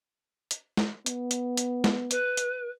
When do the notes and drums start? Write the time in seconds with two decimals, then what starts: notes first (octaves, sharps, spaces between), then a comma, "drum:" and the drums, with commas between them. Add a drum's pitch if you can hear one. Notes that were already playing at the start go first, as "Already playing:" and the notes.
0.51 drum: hi-hat
0.77 drum: snare
1.06 B3, drum: hi-hat
1.31 drum: hi-hat
1.57 drum: hi-hat
1.84 drum: snare
2.11 B4, drum: hi-hat
2.37 drum: hi-hat